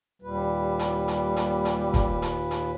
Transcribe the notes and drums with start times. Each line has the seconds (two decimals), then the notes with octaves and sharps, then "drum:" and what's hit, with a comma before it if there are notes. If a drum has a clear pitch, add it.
0.22 D#2 A#2 G3 B4
0.79 drum: hi-hat
1.08 drum: hi-hat
1.36 drum: hi-hat
1.65 drum: hi-hat
1.94 drum: kick, hi-hat
2.22 drum: hi-hat
2.51 drum: hi-hat